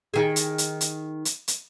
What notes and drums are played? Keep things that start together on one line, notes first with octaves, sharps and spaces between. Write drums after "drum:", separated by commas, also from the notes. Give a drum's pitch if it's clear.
D#3 G#4
drum: hi-hat
drum: hi-hat
drum: hi-hat
drum: hi-hat
drum: hi-hat